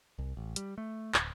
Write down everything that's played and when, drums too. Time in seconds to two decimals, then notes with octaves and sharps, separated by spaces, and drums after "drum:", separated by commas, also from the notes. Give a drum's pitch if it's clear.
0.18 C2
0.37 A1
0.56 G3, drum: hi-hat
0.78 A3
1.14 D1, drum: clap